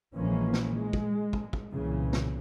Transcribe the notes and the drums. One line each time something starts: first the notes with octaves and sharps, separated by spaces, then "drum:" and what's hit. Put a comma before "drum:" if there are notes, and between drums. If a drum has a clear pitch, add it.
A#1 E3 F3 G#3 A#3 C#4
drum: snare
G#3
drum: kick
drum: kick
drum: kick
C2 A#2 C#3 E3
drum: snare